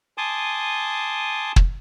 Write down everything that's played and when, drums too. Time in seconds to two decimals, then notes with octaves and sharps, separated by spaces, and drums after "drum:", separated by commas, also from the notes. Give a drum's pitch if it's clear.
0.18 G#5 A5 C6 D6 D#6
1.56 drum: kick